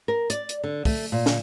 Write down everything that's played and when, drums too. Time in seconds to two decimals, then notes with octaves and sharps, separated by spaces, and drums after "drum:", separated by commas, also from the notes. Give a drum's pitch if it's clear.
0.08 A#4
0.30 D5, drum: hi-hat
0.49 drum: hi-hat
0.64 D3
0.85 A3, drum: kick, open hi-hat
1.12 A#2
1.26 drum: snare